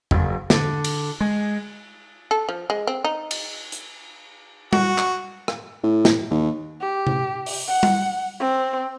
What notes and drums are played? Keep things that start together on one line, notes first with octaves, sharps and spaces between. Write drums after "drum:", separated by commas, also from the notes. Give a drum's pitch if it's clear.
F#1, drum: tom E2
D3, drum: snare
drum: cymbal
G#3
A4
F3
G#3
C4
D#4
drum: cymbal
drum: hi-hat
F#4, drum: tom G3
drum: clap
drum: rim click
A2
drum: snare
D#2
G4
drum: tom C3
drum: open hi-hat
F#5
drum: tom G3
C4